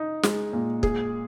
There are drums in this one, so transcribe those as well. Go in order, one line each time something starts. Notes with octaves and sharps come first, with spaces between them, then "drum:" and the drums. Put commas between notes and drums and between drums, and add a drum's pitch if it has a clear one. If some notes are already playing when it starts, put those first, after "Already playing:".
Already playing: D#4
G#3, drum: snare
A#2
G#4, drum: kick